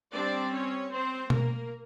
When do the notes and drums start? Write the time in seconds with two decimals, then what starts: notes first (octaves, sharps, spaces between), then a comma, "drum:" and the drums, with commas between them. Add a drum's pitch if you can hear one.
0.12 G3 C4 D4 D5
0.52 C#4 C#5
0.91 C4 C5
1.30 A#3 A#4, drum: tom B2